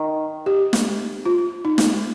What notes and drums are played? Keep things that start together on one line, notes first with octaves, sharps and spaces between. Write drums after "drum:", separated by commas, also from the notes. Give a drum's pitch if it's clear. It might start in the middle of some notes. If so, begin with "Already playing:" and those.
Already playing: D#3
G4
drum: snare
F4
D#4
drum: snare